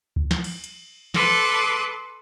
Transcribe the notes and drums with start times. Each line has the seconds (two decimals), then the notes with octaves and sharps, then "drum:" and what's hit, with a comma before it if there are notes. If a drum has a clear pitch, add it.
0.16 drum: kick D2
0.31 drum: snare
0.44 drum: cymbal
0.64 drum: hi-hat
1.14 A4 B4 C6 D6, drum: snare